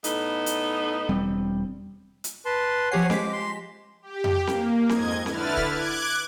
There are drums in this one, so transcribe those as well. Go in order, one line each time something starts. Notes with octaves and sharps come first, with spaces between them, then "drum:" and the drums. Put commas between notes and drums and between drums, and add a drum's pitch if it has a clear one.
A2 B3 D#4, drum: hi-hat
drum: hi-hat
E1 G3 C4
drum: hi-hat
B4 A5 C6
F3 G4 C#5 F#5 G#5 C7
G#3 D6 B6, drum: snare C4
C6
G4
drum: tom F2
A#3, drum: snare C4
F2 G#2 D#5 G#6, drum: snare C4
D3 E4 B4 F6 A6, drum: snare C4
drum: kick
D6 F#6 G#6